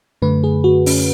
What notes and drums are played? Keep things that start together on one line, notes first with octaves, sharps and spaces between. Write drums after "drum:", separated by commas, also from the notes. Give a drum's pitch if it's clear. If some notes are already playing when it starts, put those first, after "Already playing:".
F#2 D3 A3 B4
G#4
F#4
C#4, drum: open hi-hat